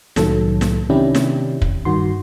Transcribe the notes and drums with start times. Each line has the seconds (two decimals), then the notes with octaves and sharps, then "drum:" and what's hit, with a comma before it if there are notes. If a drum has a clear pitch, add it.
0.16 C2 A2 D#3 F#3 A4, drum: snare
0.61 drum: snare
0.90 C3 D#3 C#4 D4 E4 G4
1.15 drum: snare
1.62 drum: kick
1.85 G2 D#3 F#4 C6